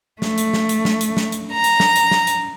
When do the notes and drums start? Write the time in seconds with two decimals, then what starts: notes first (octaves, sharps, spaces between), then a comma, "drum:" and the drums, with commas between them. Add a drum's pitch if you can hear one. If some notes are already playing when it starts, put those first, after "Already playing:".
0.22 A3, drum: snare
0.38 drum: hi-hat
0.53 drum: snare
0.69 drum: hi-hat
0.85 drum: snare
1.01 drum: hi-hat
1.17 drum: snare
1.32 drum: hi-hat
1.53 A#5
1.64 drum: hi-hat
1.80 drum: snare
1.96 drum: hi-hat
2.11 drum: snare
2.27 drum: hi-hat